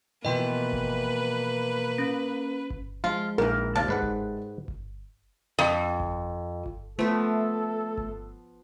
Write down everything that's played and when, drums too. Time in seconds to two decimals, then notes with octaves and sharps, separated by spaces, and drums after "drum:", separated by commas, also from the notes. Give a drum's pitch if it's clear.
0.25 B2 E3 F3 A#3 B4 D#5 G5 C6
0.73 drum: kick G1
1.98 C#4
2.70 drum: kick G1
3.04 F3 G#3 F4
3.38 A#1 D#3 E3 A#4
3.75 D#2 C3 D5 F5 A5 F6
3.88 G#2 G#3 B4 F#5
4.02 drum: kick G1
4.68 drum: kick G1
5.59 F2
6.00 drum: kick G1
6.66 drum: kick G1
6.99 F3 A3 B3 A4
7.97 drum: kick G1